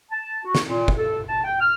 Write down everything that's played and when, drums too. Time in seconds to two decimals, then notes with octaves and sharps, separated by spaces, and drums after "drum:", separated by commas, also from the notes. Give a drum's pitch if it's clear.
0.11 A5
0.45 F#4
0.55 drum: snare
0.67 A#2
0.88 drum: kick
0.98 A4
1.28 A5
1.44 G5
1.60 F6